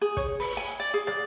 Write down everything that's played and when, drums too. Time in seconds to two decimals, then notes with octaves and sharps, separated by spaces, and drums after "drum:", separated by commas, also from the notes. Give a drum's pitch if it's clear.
0.01 G#4
0.17 C#5, drum: kick, hi-hat
0.40 B4, drum: open hi-hat
0.57 G#5
0.80 D5
0.94 G#4
1.07 D5, drum: rim click